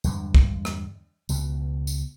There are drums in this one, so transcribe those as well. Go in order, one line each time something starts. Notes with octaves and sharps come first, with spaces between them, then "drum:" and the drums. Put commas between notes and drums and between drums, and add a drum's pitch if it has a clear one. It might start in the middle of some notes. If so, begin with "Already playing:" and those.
E2 G2 D3 G#3, drum: tambourine
drum: kick
drum: rim click
C#2 B2, drum: tambourine
drum: tambourine